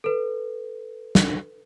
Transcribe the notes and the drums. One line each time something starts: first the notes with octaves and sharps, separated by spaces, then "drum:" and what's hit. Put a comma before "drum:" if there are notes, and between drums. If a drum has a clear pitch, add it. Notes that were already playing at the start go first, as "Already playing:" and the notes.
A4 B4
drum: snare